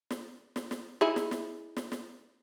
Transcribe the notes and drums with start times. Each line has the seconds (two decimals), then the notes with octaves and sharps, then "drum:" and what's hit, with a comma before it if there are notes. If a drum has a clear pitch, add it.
0.10 drum: snare
0.56 drum: snare
0.71 drum: snare
1.01 D#4 E4 G#4
1.16 drum: snare
1.31 drum: snare
1.77 drum: snare
1.92 drum: snare